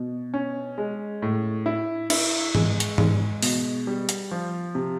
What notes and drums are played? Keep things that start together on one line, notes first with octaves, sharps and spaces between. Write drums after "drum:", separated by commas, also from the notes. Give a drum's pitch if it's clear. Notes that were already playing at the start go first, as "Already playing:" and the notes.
Already playing: B2
C#4
G#3
A2
E4
E4, drum: cymbal
G#3, drum: tom
drum: hi-hat
G#3, drum: tom
B2, drum: open hi-hat
G3
drum: hi-hat
F3
C3